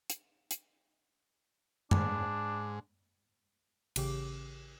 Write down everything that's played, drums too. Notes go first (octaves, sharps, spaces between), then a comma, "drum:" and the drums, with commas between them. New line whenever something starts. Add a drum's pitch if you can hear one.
drum: hi-hat
drum: hi-hat
G#2 D4, drum: tom F#2
A1 C#3 G4 D6, drum: cymbal